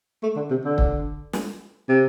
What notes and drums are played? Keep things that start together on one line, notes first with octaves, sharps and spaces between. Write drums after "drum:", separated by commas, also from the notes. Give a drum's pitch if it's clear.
A3
D3
C3
D3
drum: kick C#1
drum: snare
C3